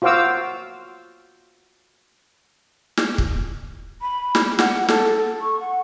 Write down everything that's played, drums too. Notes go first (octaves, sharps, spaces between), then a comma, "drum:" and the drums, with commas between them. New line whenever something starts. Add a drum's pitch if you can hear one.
F4 F#4 C5 F5 D6 E6
drum: snare
drum: kick
B5
drum: snare
F#5, drum: snare
A4, drum: snare
A4
C#6
F#5